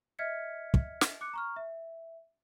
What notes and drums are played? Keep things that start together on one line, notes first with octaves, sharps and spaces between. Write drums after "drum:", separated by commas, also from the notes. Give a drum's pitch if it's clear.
D#5 E5 F6 G#6 B6 C#7
drum: kick
drum: snare
D6 F#6 C#7
A#5 C#6 F6
E5